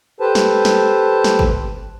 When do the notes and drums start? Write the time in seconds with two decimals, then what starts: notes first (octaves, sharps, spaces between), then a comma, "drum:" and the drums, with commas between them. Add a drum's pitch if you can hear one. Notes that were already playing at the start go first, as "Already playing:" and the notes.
0.20 G4 A4 B4 C5 A5
0.35 drum: snare
0.65 drum: snare
1.24 drum: snare
1.39 drum: kick